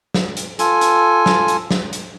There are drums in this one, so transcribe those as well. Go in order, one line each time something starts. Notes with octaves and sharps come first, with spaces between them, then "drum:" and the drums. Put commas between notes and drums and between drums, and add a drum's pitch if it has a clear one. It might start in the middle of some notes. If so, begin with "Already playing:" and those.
drum: snare
drum: hi-hat
F4 A4 G#5, drum: hi-hat
drum: hi-hat
drum: snare
drum: hi-hat
drum: snare
drum: hi-hat